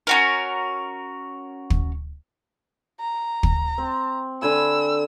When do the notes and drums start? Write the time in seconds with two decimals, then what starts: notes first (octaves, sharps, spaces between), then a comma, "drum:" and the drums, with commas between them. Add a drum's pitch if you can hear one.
0.07 C#4 F#4 A#4
1.70 drum: kick
3.00 A#5
3.43 drum: kick
3.78 C4
4.42 D3 G#5 B5 E6